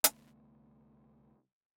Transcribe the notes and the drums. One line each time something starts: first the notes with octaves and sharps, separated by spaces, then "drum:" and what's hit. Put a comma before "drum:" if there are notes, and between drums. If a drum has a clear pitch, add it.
C2 D3 A3 B3, drum: hi-hat